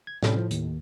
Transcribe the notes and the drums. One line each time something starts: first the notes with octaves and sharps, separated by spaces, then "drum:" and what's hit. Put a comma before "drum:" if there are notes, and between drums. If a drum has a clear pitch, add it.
G#6
A2 C3 G3 C#4, drum: snare
F3
D#2, drum: hi-hat